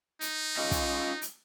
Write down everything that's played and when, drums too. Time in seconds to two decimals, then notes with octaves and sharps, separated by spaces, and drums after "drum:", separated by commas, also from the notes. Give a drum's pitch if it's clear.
0.21 D#4, drum: hi-hat
0.57 C#4 F4 D#5
0.71 drum: kick, hi-hat
1.22 drum: hi-hat